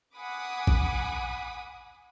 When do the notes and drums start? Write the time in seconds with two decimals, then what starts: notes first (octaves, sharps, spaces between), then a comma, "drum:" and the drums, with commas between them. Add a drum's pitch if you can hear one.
0.16 F#5 G#5 B5 D6 D#6
0.67 drum: kick